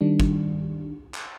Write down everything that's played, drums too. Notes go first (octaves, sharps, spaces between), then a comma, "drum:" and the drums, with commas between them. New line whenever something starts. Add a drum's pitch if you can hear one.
D#3 G3 D4
drum: kick
drum: clap